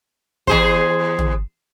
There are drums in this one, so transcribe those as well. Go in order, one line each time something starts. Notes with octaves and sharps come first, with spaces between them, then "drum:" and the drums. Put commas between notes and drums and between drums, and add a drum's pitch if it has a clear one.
E2 G#4 C5, drum: kick
drum: tom